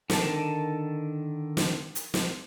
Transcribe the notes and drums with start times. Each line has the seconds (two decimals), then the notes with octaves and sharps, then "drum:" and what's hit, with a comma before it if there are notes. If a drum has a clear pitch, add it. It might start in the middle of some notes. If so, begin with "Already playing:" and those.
0.10 D3 D#3 A5, drum: snare
1.57 drum: snare
1.95 drum: hi-hat
2.14 drum: snare